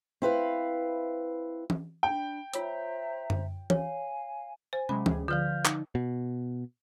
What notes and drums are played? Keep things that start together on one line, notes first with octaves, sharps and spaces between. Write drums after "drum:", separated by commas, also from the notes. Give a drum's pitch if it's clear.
C4 E4 B4 F5
drum: tom E3
D4 G5 B5
F4 C5 C#5 E5 A#5 E6, drum: hi-hat
drum: tom F#2
C#5 F5 G#5, drum: tom E3
C5 G#5
C3 F#3 G#3 C#4 B5
D2 G3 G#4, drum: tom E3
D3 F3 F4 F5 F6 G6
D#4, drum: clap
B2